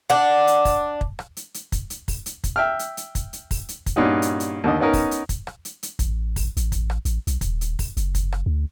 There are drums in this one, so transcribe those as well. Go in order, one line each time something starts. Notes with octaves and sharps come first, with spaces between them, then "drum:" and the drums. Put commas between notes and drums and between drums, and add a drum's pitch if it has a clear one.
D4 F#5
drum: hi-hat
drum: kick, open hi-hat
drum: kick
drum: rim click
drum: hi-hat
drum: hi-hat
drum: kick, hi-hat
drum: hi-hat
drum: kick, open hi-hat
drum: hi-hat
drum: kick, hi-hat
E5 G5 F6
drum: hi-hat
drum: hi-hat
drum: kick, hi-hat
drum: hi-hat
drum: kick, open hi-hat
drum: hi-hat
drum: kick, hi-hat
G2 A#2 C#4 D#4 F#4
drum: hi-hat
drum: hi-hat
D#2 D3 D#5
B3 C#4 D#4 A#4
drum: kick, open hi-hat
drum: hi-hat
drum: kick, hi-hat
drum: rim click
drum: hi-hat
drum: hi-hat
A1, drum: kick, hi-hat
drum: kick, open hi-hat
A1, drum: hi-hat
drum: kick, hi-hat
drum: rim click
A1, drum: hi-hat
B1, drum: hi-hat
D#1, drum: kick, hi-hat
drum: hi-hat
drum: kick, open hi-hat
F#1, drum: hi-hat
drum: kick, hi-hat
drum: rim click
D2